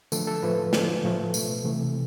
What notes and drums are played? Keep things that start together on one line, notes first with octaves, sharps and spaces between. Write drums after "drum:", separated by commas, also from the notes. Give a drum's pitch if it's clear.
D3 F3 A3 A4, drum: tambourine
A4
A2 F3 A3 B4
D3 F3 A3, drum: snare
A2 F3 A3
B2 A3, drum: tambourine
C3 E3 A3